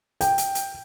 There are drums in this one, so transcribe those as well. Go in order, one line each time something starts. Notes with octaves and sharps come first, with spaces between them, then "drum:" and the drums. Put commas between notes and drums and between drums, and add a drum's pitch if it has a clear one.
G5, drum: hi-hat
drum: hi-hat
drum: hi-hat